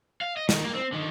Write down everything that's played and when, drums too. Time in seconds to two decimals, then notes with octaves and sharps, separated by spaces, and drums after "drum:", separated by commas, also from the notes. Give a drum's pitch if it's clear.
0.21 F5
0.37 D#5
0.49 D#3, drum: snare
0.62 A#3
0.75 C4
0.92 D3 D#3